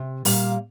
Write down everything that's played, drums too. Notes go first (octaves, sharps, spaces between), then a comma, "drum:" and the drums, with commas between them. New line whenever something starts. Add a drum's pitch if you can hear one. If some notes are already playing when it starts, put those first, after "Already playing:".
Already playing: C3
A#2 G3 A#3 F5, drum: open hi-hat